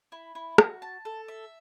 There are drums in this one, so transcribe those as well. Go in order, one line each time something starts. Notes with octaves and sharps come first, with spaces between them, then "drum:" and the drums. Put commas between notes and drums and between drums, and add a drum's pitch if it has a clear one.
E4
E4
F#4, drum: rim click
A5
A4
E5